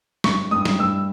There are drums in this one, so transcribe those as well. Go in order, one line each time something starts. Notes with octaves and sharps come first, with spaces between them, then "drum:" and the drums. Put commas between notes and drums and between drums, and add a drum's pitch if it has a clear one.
G2 C#6, drum: snare
G2 D#6
drum: snare
G2 E6